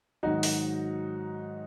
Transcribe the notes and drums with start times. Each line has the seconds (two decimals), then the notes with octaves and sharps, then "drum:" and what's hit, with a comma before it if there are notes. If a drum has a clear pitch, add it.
0.23 G#2 D#3 F#3 D#4 F#4
0.43 drum: open hi-hat